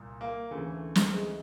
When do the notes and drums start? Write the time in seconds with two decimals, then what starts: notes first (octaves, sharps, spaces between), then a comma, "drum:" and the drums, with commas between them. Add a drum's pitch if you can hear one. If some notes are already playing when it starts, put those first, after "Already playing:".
Already playing: C2 A#2
0.21 A#3
0.51 D2 C#3 E3 A3
0.95 drum: snare
1.13 G#3